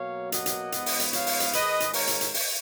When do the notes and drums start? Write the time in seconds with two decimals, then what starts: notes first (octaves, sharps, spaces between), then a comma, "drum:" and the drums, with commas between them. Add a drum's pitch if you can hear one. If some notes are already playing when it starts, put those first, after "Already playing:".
Already playing: B2 F#3 A#3 C#5 F5
0.32 D#5 F#5, drum: hi-hat
0.46 drum: hi-hat
0.72 G#2 F3 B3, drum: hi-hat
0.86 drum: open hi-hat
1.00 drum: hi-hat
1.13 C#5 F5, drum: hi-hat
1.27 drum: open hi-hat
1.40 drum: hi-hat
1.53 G#2 D#3 G#3 B4 D#5, drum: hi-hat
1.80 drum: hi-hat
1.93 A#4 C#5, drum: open hi-hat
2.07 drum: hi-hat
2.21 drum: hi-hat
2.34 drum: open hi-hat